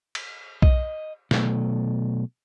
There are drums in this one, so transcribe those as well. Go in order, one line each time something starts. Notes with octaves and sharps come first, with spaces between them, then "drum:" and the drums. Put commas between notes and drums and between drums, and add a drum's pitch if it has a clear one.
drum: cymbal
D#5, drum: kick B1
B2 F#3 A3, drum: snare